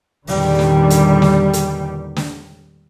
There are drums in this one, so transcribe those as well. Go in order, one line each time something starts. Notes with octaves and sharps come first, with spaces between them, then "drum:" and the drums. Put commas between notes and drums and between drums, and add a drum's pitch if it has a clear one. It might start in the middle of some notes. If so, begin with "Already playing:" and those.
E2 A#2 D3 D#3 G3, drum: open hi-hat
drum: snare
drum: hi-hat
drum: snare
drum: hi-hat
drum: snare